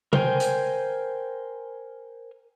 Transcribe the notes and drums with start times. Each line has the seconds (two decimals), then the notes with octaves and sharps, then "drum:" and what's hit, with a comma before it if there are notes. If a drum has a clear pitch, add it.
0.13 A#4 C5 G5 G#5, drum: tom C3
0.40 drum: hi-hat